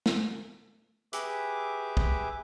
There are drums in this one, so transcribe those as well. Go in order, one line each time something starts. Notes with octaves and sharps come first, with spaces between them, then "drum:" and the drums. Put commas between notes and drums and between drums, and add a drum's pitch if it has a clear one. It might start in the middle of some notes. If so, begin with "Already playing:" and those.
drum: snare
G4 G#4 B4 E5 D6, drum: hi-hat
drum: kick